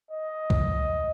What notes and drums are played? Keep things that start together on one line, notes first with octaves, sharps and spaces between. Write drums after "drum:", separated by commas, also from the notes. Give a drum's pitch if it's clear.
D#5
drum: kick C2